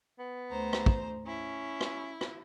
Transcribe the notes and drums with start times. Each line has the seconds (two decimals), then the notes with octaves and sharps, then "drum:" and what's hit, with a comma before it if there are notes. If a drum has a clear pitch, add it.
0.19 B3
0.50 D2 C5 A#5
0.73 drum: rim click
0.86 drum: kick
1.26 C#4 E4
1.81 drum: rim click
2.21 drum: rim click